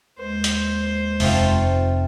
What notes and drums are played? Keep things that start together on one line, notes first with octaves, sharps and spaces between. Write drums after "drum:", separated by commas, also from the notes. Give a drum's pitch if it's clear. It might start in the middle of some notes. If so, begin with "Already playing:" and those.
D#2 G#3 C5
drum: hi-hat
F1 A3 C4 F4, drum: open hi-hat